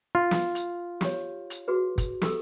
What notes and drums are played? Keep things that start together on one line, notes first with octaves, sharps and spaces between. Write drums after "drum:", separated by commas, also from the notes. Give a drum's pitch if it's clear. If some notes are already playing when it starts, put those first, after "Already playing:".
F4
drum: snare
drum: hi-hat
G4 C#5, drum: snare
drum: hi-hat
F#4 G#4 B4
drum: kick, hi-hat
G4 A4 E6, drum: snare